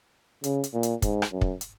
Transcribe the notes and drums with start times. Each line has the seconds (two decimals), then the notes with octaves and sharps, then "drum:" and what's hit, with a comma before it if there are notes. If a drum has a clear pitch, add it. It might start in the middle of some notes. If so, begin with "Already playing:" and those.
0.44 C#3, drum: hi-hat
0.64 drum: hi-hat
0.74 A#2
0.83 drum: hi-hat
1.02 G#2, drum: kick, hi-hat
1.22 drum: rim click
1.32 F#2
1.41 drum: kick
1.61 drum: hi-hat